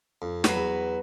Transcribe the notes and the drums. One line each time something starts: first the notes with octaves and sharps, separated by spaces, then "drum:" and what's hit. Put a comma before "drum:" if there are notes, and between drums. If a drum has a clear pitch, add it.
F2
F#3 F#4 B4, drum: snare
E2